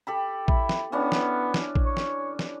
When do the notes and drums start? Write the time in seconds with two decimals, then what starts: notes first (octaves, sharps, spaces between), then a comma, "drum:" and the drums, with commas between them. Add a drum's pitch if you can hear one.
0.07 G4 A4 B5
0.48 E4, drum: kick A1
0.69 drum: snare
0.92 E3 B3 C#4 D4
1.12 drum: snare
1.54 drum: snare
1.75 drum: kick A1
1.86 C#5
1.97 drum: snare
2.39 drum: snare